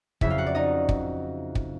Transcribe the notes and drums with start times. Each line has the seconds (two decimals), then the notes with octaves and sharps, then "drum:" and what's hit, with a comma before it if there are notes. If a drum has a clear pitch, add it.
0.21 F2 C#3 F#3 E4 E5, drum: kick
0.30 F4 F5
0.38 F#4 F#5
0.47 D5
0.55 D#4 D#5
0.89 drum: kick
1.55 drum: kick